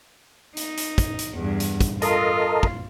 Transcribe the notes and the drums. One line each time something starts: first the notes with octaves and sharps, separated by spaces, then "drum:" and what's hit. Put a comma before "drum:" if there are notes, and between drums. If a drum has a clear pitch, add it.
D#4, drum: hi-hat
drum: hi-hat
drum: kick, hi-hat
drum: hi-hat
E2 G2
drum: hi-hat
drum: kick, hi-hat
F4 A4 A#4 D#5, drum: hi-hat
drum: kick